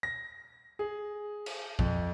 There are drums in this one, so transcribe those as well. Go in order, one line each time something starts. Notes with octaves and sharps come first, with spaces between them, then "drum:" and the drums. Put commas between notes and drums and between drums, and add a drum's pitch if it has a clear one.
A#6
G#4
drum: cymbal
F2, drum: kick